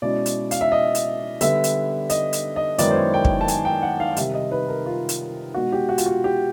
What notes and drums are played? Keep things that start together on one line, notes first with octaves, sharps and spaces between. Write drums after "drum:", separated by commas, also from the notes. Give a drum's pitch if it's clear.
B2 G#3 C#4 E4 D5
drum: hi-hat
F5, drum: hi-hat
E5
D#5
drum: hi-hat
D3 G3 B3 E5, drum: hi-hat
drum: hi-hat
D#5, drum: hi-hat
drum: hi-hat
D#5
F#2 D#3 G#3 B3 E4 D5, drum: hi-hat
C5
C#5
G5
drum: kick
A5
G#5, drum: hi-hat
G5
F#5
F5
C3 D#3 G3 E5, drum: hi-hat
D#5
B4
A#4
F4
drum: hi-hat
B2 G#3 B3 D#4 F#4
G4
F#4
F4, drum: hi-hat
F#4
G4